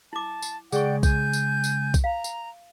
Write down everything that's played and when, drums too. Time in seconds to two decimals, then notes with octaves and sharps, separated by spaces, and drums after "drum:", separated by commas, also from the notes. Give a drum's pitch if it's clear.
0.13 E4 A5 D6
0.42 drum: tambourine
0.72 C#3 G#3 G#4 D5 F#5 G5 C#6, drum: tambourine
1.03 G#5 G6, drum: kick B1, tambourine
1.33 drum: tambourine
1.64 drum: tambourine
1.94 drum: kick B1, tambourine
2.04 F5 A#5
2.24 drum: tambourine